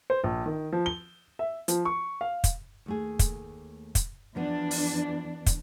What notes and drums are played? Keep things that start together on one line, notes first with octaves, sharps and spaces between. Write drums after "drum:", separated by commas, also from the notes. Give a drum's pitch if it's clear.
C5
A#1
D#3
F3
G7
E5
F3, drum: hi-hat
C#6
F5
drum: kick, hi-hat
D#2 A3 G#4
drum: kick, hi-hat
drum: kick, hi-hat
E2 F3 B3 D4
drum: open hi-hat
drum: kick, hi-hat